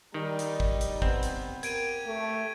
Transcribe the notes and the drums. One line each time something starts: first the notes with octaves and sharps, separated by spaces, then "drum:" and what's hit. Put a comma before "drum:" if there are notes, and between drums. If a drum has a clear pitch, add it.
D#3 G3 D#4
drum: hi-hat
drum: kick
drum: hi-hat
B3 C4, drum: kick
drum: hi-hat
G4 A#4 G#6 D7 D#7, drum: hi-hat
A3